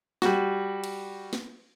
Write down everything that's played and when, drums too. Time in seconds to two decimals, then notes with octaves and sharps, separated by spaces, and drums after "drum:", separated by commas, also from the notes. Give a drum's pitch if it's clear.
0.22 G3 F#4, drum: snare
0.84 drum: cymbal
1.33 drum: snare